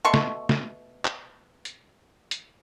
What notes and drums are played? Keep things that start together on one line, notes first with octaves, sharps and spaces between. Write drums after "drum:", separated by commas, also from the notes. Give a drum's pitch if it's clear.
B2 A3 C6 C#6
drum: snare
drum: snare
drum: clap
drum: hi-hat
drum: hi-hat